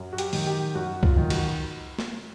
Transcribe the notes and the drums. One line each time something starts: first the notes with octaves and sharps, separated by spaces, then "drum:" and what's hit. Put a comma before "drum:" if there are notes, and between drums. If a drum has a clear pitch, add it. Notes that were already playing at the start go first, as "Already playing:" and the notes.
Already playing: F#2
F#4
G4, drum: hi-hat
D#3, drum: open hi-hat
G4
F#2 F#4
F4, drum: kick C2
D#3
F#4, drum: cymbal
drum: snare